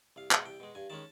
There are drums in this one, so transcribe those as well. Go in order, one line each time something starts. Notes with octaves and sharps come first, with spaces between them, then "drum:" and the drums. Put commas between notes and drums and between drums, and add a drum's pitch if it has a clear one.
C2 F5
B2 G#3 F#5, drum: clap
C2 G5
B2 G#3
G2 G#5
D#3 G#3 C#4 A5